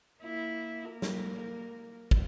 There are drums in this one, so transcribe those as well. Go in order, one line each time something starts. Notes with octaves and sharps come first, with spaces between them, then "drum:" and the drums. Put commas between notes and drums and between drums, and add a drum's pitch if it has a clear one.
A#3 E4
A#3 A#4
drum: snare
drum: kick